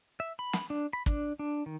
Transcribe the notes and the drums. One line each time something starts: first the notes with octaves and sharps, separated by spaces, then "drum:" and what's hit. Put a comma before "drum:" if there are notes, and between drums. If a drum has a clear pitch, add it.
E5
B5
drum: snare
D4
B5
D4, drum: kick
D4
D#3